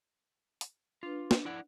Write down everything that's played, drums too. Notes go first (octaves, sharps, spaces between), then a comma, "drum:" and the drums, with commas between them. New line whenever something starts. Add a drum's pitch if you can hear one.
drum: hi-hat
D4 F4 B4
drum: snare
E4 D5 F#5